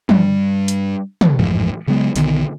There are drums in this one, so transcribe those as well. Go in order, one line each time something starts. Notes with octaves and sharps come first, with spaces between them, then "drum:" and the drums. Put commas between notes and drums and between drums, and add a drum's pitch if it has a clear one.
G2 G3, drum: tom
drum: hi-hat
drum: tom
A1 F2 G#2 F3
C#3 F#3 G#3 B3
B1 D3 D#3 B3, drum: hi-hat